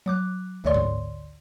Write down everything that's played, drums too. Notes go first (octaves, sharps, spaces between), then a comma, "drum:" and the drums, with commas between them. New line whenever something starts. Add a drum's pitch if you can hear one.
F#3 D6 F#6
A1 D2 D3 C#5 D5 C6
drum: tom G#2